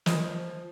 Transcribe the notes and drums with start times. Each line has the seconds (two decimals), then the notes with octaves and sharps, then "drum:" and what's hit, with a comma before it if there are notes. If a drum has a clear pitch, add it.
0.06 F3 C5 D#5, drum: snare